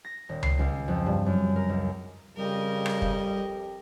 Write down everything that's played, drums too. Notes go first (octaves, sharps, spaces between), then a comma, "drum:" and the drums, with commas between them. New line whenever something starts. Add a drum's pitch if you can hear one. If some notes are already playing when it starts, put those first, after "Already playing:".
A#6
D#1
C7, drum: tom C#2
C#2
F2
G2
F#2
A#4
C#2
F2 C#3 G3 G4 A#4 D#5
drum: rim click
drum: kick